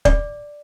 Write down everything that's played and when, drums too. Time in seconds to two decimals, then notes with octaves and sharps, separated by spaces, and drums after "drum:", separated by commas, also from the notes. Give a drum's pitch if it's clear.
0.05 D5, drum: kick